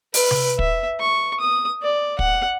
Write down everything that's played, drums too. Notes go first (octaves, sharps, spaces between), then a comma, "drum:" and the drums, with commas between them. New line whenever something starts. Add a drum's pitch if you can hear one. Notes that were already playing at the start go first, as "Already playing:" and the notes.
B4, drum: open hi-hat
drum: tom C3
E5, drum: kick
C#6
D#6
D5
F#5, drum: kick